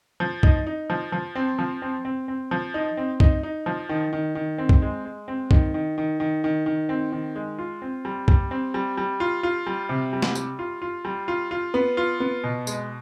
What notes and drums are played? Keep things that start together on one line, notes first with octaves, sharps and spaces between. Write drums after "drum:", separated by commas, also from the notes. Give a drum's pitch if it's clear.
F3
D#4, drum: kick B1
D#4
F3
F3
C4
F3
C4
C4
C4
F3
D#4
C4
D#4, drum: kick B1
D#4
F3
D#3
D#3
D#3
C4
drum: kick B1
G#3
G#3
C4
D#3, drum: kick B1
D#3
D#3
D#3
D#3
D#3
C4
D#3
G#3
F4
C4
G3
G3, drum: kick B1
C4
G3
G3
F4
F4
G3
C3
G3
drum: snare
G3, drum: tambourine
F4
F4
G3
F4
F4
B3
F4
B3
B2
G#3, drum: tambourine